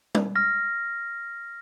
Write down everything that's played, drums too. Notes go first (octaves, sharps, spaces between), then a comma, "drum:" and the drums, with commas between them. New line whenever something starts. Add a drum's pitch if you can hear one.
drum: tom
F6 A#6